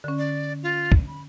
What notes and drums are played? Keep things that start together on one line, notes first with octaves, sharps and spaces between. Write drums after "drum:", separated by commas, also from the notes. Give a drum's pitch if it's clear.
D3 C#4
D5
F4
drum: kick
B5